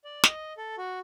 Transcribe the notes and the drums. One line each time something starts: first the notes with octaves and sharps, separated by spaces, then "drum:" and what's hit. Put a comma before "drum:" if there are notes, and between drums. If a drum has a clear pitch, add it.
D5
D#5, drum: snare
A4
F#4